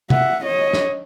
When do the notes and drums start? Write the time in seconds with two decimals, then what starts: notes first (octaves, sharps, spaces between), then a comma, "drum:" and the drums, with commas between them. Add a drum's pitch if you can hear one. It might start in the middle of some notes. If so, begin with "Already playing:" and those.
0.10 E5 F#5, drum: tom C3
0.45 C#5 D#5
0.73 drum: snare